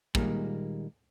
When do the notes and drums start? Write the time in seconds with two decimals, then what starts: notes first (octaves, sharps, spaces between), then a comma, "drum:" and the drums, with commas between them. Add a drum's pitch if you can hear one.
0.15 A#2 D#3 G3 G#3 A#3, drum: kick